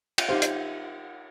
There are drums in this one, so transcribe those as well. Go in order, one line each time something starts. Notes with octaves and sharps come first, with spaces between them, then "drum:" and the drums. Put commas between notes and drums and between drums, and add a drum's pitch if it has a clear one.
G5, drum: cymbal
D#4 G4 C5 F5
drum: hi-hat